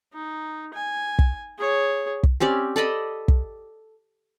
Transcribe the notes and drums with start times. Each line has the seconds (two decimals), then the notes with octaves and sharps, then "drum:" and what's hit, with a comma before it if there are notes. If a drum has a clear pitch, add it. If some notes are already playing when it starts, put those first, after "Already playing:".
0.13 D#4
0.73 G#5
1.19 drum: kick
1.58 G#4 C#5
2.23 drum: kick
2.40 C4 C#4 G4 D5
2.76 A4 D5 D#5 B5
3.28 drum: kick